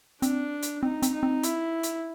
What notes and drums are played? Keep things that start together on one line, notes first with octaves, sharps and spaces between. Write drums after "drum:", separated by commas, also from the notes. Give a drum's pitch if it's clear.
C4 D4, drum: hi-hat
drum: hi-hat
C4 D#4
C4, drum: hi-hat
D#4
C4
E4, drum: hi-hat
drum: hi-hat